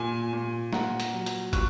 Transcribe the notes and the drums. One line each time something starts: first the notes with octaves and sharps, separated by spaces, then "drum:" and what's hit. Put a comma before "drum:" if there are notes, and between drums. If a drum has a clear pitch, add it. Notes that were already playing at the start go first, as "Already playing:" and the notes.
Already playing: A#2 G#5
A#2
A#2 F#5 A#5, drum: snare
drum: hi-hat
F#3
drum: hi-hat
A#2 C#6 F#6, drum: kick, hi-hat